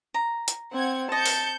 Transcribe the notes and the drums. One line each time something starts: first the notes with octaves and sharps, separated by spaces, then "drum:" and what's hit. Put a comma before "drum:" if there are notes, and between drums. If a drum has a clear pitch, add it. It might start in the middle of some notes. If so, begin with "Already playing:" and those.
A#5
drum: hi-hat
C4 F#5 G#6
D#5 A5 G6 C#7
drum: open hi-hat